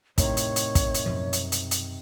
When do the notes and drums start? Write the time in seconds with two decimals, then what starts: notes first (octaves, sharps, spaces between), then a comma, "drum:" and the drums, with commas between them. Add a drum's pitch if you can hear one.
0.18 A2 C3 D#3 C#5 C6, drum: kick, hi-hat
0.37 drum: hi-hat
0.56 drum: hi-hat
0.75 drum: kick, hi-hat
0.95 drum: hi-hat
1.06 F#2 B2 F3
1.33 drum: hi-hat
1.52 drum: hi-hat
1.71 drum: hi-hat